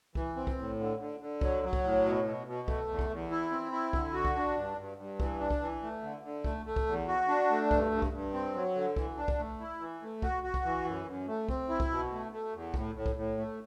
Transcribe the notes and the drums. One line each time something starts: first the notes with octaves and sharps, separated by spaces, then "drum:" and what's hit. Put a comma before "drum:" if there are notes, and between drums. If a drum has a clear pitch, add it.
E3, drum: kick B1
C4
drum: kick B1
A2
D3
D3
D3
F#3, drum: kick B1
F#3
drum: kick B1
A2
B2
B2
B2
A3, drum: kick B1
E2
drum: kick B1
E2
E4
C4
E4
D3, drum: kick B1
F#4
drum: kick B1
D4
G2
G2
G2
E3, drum: kick B1
D4
drum: kick B1
E3
A3
D3
D3
A3, drum: kick B1
A3
drum: kick B1
E2
F#4
D4
A3
G2, drum: kick B1
G2
drum: kick B1
G2
C4
F#3
D3
E3, drum: kick B1
D4
drum: kick B1
A3
E4
E3
A3
F#4, drum: kick B1
F#4
drum: kick B1
E3
F#2
F#2
A3
C4, drum: kick B1
E4
drum: kick B1
B2
A3
A3
E2
A2, drum: kick B1
A2
drum: kick B1
A2
A3